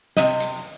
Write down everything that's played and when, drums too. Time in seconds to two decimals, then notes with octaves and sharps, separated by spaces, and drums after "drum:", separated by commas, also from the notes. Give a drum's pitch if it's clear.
0.17 C3 D#5, drum: snare
0.40 drum: hi-hat